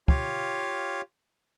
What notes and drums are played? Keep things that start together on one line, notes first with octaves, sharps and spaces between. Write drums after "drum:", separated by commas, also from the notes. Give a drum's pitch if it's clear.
F4 G4 C#5 F5, drum: kick